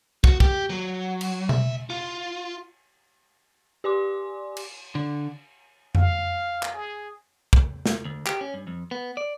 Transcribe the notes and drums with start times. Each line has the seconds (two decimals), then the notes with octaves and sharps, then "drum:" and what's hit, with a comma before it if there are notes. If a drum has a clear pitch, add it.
0.24 F#4, drum: kick
0.40 G4, drum: kick
0.70 F#3
1.21 drum: cymbal
1.49 E5, drum: tom B2
1.90 F4
3.84 G4 D5 G#5 C6 D6
4.57 drum: cymbal
4.95 D3
5.95 F5, drum: tom F2
6.63 drum: clap
6.74 G#4
7.53 drum: kick
7.86 drum: snare
8.05 D2
8.26 G4, drum: clap
8.41 C#4
8.54 G2
8.67 F2
8.91 B3
9.17 D5